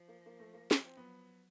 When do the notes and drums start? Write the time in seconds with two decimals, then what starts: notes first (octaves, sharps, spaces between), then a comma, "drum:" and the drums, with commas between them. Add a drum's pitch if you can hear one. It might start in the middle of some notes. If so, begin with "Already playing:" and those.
Already playing: F3
0.08 A#3
0.26 A#3
0.40 A3
0.54 A#3
0.71 drum: snare
0.86 C4
0.96 F#3 B3